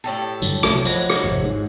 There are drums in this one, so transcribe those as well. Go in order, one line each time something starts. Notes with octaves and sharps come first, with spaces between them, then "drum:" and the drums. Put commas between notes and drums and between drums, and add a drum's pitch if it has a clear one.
A2 G4 A4
G2 D3 F#3, drum: tambourine
C2 F#3 A3, drum: rim click
F3 F#3 G#3 E4, drum: tambourine
drum: rim click
G#1 F2 C3
G#2